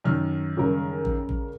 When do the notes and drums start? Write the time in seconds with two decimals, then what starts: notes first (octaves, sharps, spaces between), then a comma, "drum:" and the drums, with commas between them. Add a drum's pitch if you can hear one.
0.04 F#2 D#3 F6
0.57 C#3 G3 A#4
1.05 drum: kick A1
1.29 drum: kick A1